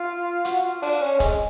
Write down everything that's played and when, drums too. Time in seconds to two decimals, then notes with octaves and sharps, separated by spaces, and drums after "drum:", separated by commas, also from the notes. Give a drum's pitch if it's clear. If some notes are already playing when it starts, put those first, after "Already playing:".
Already playing: F4
0.45 F#4, drum: hi-hat
0.64 F4
0.82 D4, drum: open hi-hat
1.01 C#4
1.20 G#3, drum: kick, hi-hat